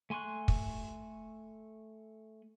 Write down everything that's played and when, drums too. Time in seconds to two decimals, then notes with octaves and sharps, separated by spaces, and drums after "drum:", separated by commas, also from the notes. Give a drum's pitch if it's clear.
0.10 A3 G#5 C6 C#6 F#6
0.48 drum: kick